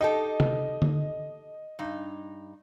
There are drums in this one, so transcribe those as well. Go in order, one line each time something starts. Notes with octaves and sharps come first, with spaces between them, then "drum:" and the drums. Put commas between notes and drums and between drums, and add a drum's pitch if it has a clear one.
D#4 G4 A4 D#5
drum: tom C3
drum: tom D3
G2 D#4